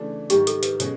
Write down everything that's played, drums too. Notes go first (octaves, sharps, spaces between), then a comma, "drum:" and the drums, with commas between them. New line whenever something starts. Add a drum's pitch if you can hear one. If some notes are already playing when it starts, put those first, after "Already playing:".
Already playing: C#3 E3 A3 D4
G#2 D#3 G#3 G4, drum: hi-hat
A4, drum: hi-hat
B4, drum: hi-hat
B2 G#3 C#4, drum: hi-hat